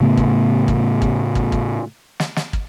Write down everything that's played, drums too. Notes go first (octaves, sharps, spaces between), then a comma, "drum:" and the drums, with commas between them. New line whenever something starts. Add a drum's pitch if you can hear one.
A2 C#3 A3 B3
drum: kick
drum: kick
drum: kick
drum: kick
drum: kick
drum: snare
drum: snare
drum: kick